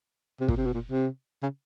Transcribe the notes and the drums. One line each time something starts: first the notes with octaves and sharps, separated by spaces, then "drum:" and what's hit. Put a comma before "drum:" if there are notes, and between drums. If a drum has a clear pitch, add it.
C3
A#2, drum: kick
C3
B2
A#2
C3
C#3